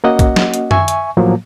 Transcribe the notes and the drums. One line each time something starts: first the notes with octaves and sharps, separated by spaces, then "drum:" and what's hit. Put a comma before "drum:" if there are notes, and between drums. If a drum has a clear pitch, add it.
A#3 C#4 F#4 D#5 F#5
drum: kick, hi-hat
drum: snare
drum: hi-hat
E5 G#5 C#6, drum: tom F#2
drum: hi-hat
A2 F3 F#3 A#3